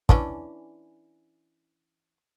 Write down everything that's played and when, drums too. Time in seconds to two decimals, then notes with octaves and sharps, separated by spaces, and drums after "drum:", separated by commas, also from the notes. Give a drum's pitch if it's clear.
0.09 E3 C#4 D4, drum: kick